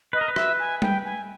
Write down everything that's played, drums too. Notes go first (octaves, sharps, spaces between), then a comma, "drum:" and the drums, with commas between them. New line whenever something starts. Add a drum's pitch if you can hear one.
B4 D#5
A#4
B4
E5, drum: rim click
G#5
G5, drum: tom G3
G#5